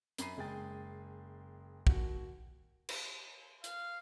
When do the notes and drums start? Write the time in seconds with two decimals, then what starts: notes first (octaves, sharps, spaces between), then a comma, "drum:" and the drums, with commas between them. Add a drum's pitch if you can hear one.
0.18 F#2 A#5 B5 C7 D#7, drum: hi-hat
0.37 F#1 G#3 G#4 G5 A6
1.87 D#2 F#4, drum: kick
2.89 drum: cymbal
3.64 F5, drum: hi-hat